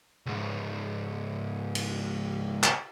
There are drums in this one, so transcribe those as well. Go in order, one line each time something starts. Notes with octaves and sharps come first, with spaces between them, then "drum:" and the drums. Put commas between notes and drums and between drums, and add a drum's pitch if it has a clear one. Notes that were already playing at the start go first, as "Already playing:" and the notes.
C#2 G#2
drum: cymbal
drum: clap